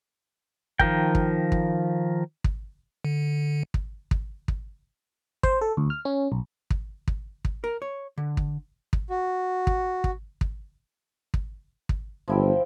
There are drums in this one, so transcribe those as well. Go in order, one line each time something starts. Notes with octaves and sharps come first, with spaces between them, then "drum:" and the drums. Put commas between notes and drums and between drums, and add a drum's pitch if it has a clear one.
D#3 F3 A#4 G5, drum: kick
drum: kick
drum: kick
drum: kick
D3
drum: kick
drum: kick
drum: kick
C5, drum: kick
A4
D2
F6
C#4
B1
drum: kick
drum: kick
drum: kick
A#4
C#5
D3
drum: kick
drum: kick
F#4
drum: kick
drum: kick
drum: kick
drum: kick
drum: kick
G1 F3 E4 G5